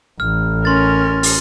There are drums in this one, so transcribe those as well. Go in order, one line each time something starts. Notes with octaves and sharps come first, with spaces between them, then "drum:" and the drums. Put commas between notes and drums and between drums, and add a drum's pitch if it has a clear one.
A1 F6
C#4 A#4 C6 A6
drum: open hi-hat